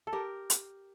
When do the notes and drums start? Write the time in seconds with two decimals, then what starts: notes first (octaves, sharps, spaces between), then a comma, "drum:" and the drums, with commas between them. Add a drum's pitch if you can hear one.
0.07 A4
0.13 G4 A#4
0.50 drum: hi-hat